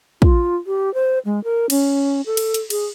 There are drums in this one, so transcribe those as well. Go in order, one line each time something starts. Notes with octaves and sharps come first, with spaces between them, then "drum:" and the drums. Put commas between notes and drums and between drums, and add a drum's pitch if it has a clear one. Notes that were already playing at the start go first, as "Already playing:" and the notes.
F4, drum: kick
G4
C5
G#3
A#4
C#4, drum: cymbal
A4
drum: cymbal
drum: hi-hat
G#4, drum: cymbal